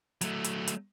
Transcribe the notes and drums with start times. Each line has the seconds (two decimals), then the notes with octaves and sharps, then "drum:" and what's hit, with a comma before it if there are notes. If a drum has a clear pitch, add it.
0.21 F#3 A3, drum: hi-hat
0.44 drum: hi-hat
0.67 drum: hi-hat